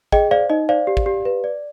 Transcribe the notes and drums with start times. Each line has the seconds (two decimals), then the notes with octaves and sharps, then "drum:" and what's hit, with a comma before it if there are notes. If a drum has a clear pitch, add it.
0.12 G#4 D#5 G5, drum: kick
0.31 C5 D5 F5
0.50 D#4 D#5
0.69 C5 D5 F5
0.87 G4
0.97 drum: kick
1.06 G4
1.25 B4
1.44 D5